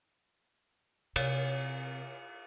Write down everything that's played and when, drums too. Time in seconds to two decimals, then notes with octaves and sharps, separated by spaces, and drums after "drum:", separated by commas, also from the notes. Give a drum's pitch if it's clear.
1.16 C3, drum: cymbal